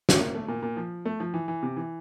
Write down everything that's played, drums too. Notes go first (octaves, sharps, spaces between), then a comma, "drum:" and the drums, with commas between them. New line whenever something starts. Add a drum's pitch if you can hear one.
A3, drum: snare F#4
A#3
A3
A#2
A#2
F3
A3
F3
E3
E3
C3
E3